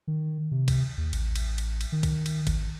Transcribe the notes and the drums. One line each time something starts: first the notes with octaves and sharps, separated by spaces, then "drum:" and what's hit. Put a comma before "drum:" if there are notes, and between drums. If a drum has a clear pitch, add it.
D#3
C3
drum: kick, cymbal
D#2
A1, drum: cymbal
drum: cymbal
drum: cymbal
drum: cymbal
D#3
drum: kick, cymbal
drum: cymbal
G#1, drum: kick, cymbal